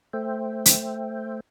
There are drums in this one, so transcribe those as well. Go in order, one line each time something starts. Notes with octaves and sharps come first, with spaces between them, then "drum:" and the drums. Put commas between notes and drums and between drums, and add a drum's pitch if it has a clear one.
A3 C5 E5 G5
drum: hi-hat